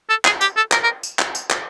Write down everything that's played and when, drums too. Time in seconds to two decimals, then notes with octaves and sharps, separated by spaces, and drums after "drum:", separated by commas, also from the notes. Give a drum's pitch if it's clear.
0.09 A4
0.25 G#4, drum: clap
0.41 G4, drum: tambourine
0.56 A4
0.72 A#4, drum: clap
0.83 A#4
1.03 drum: tambourine
1.19 drum: clap
1.35 drum: tambourine
1.50 drum: clap